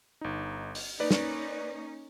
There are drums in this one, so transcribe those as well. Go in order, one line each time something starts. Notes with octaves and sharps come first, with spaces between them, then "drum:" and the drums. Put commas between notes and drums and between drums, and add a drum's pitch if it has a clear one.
G1 D#4
drum: open hi-hat
A#3 C#4 D#4 B4 D5
drum: snare